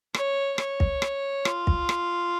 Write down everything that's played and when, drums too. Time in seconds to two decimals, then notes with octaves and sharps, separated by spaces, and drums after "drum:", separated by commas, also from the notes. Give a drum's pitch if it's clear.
0.14 C#5, drum: rim click
0.58 C#5, drum: rim click
0.80 drum: kick
1.02 drum: rim click
1.45 F4, drum: rim click
1.67 drum: kick
1.89 drum: rim click